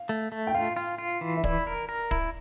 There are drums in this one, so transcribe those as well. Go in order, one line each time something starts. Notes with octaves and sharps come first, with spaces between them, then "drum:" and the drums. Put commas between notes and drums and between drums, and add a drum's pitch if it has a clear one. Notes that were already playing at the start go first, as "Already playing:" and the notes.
Already playing: F5
A3
A3
G5
F4 F5
F4
F4
E3
E5
E4 D5, drum: kick
A#4
A#4
E4, drum: kick